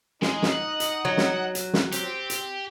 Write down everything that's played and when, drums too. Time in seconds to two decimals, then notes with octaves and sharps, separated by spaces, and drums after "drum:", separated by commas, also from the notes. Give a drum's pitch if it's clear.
0.22 G#3 D#4 D#5, drum: snare
0.43 drum: snare
0.52 F#5
0.80 drum: hi-hat
1.05 F#3
1.17 drum: snare
1.55 drum: hi-hat
1.74 drum: snare
1.92 C4 G4, drum: hi-hat
2.30 drum: hi-hat